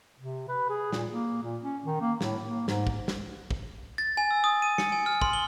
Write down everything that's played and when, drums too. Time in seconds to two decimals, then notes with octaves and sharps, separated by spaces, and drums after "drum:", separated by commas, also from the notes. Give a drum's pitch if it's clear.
0.18 C3
0.49 B4
0.69 G#4
0.93 A#2, drum: snare
1.10 A#3
1.42 A#2
1.62 C#4
1.85 D#3
2.01 A#3
2.21 A2, drum: snare
2.45 A#3
2.68 G#2, drum: snare
2.87 drum: kick
3.08 drum: snare
3.51 drum: kick
3.98 A6
4.17 G#5
4.31 E6
4.44 D#6
4.62 D#7
4.78 C#7, drum: snare
4.92 G#5
5.06 F6
5.21 C6, drum: kick
5.33 G7